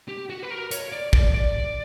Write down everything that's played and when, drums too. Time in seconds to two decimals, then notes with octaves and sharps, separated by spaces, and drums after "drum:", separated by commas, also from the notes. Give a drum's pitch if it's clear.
0.08 G4
0.30 F#4
0.43 B4
0.51 A#4
0.71 C#5, drum: hi-hat
0.92 D5
1.13 D5, drum: kick
1.34 D5